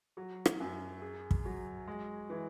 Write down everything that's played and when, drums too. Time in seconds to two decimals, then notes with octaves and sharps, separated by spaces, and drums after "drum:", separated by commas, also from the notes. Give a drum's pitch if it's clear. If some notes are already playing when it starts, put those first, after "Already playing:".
0.17 F#3
0.46 drum: rim click
0.60 F#2
1.02 G#4
1.31 drum: kick
1.45 F#3
1.87 G#3
2.30 E3